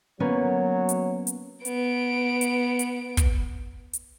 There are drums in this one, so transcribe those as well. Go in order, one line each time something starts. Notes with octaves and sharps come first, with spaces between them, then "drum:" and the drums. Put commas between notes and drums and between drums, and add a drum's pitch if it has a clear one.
F#3 A#3 B3 C#4 C#5
drum: hi-hat
drum: hi-hat
B3 D7, drum: hi-hat
drum: hi-hat
drum: hi-hat
drum: kick, hi-hat
drum: hi-hat